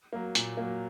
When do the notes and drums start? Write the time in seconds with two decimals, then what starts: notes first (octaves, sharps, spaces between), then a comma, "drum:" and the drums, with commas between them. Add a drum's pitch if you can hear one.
0.13 F#3 A#3
0.35 A#2, drum: hi-hat
0.57 F#3 A#3